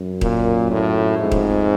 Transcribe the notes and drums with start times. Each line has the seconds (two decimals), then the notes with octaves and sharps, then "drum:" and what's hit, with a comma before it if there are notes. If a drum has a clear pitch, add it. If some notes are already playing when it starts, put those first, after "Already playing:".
Already playing: F#2
0.21 A#2, drum: kick D#1
0.71 A2
1.19 F2 G#2
1.32 drum: kick D#1